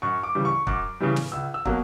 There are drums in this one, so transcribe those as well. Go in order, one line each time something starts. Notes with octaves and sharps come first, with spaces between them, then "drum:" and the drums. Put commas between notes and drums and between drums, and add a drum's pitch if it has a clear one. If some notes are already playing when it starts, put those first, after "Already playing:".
F#2 C#6
D6
C#3 E3 G3
C#6
F#2 D6, drum: kick
C#3 E3 G3
drum: snare
C#2 E6
E6
B2 F#3 A#3, drum: kick